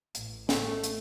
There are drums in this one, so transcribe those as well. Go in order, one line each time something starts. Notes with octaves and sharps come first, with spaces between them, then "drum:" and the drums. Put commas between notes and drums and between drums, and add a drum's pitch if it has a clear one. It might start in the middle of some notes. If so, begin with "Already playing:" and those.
A1 A2, drum: hi-hat
A1 A2 A3, drum: snare
drum: hi-hat